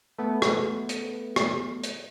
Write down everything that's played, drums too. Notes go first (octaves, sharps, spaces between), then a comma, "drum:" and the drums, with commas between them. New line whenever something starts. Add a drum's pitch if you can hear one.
A3 B3
drum: rim click
drum: hi-hat
drum: rim click
drum: hi-hat